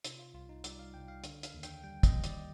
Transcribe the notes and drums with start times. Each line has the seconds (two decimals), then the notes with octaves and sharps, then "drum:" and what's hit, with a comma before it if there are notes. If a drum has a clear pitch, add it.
0.04 C3 F4, drum: hi-hat
0.19 F4
0.34 C2 F4
0.49 D#4
0.64 G3 D5, drum: hi-hat
0.79 F5
0.94 C2 G5
1.08 F5
1.24 D3, drum: hi-hat
1.43 F5, drum: hi-hat
1.54 D#2
1.63 G5, drum: hi-hat
1.83 G3 G5
2.03 D#5, drum: kick, hi-hat
2.13 D#2
2.24 D5, drum: hi-hat